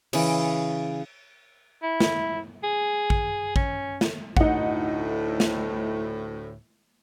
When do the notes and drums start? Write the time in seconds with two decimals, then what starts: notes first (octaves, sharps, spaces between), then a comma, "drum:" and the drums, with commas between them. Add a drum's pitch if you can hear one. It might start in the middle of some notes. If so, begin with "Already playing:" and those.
0.13 C#3 E3, drum: cymbal
1.83 E4
2.00 drum: snare
2.63 G#4
3.10 drum: kick
3.56 C#4, drum: kick
4.01 drum: snare
4.37 D2 A2 D#4 F#5, drum: kick
5.40 drum: snare